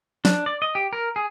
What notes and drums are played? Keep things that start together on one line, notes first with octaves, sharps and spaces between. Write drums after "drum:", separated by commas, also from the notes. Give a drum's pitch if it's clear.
D4, drum: snare F3
D5
D#5
G4
A#4
G#4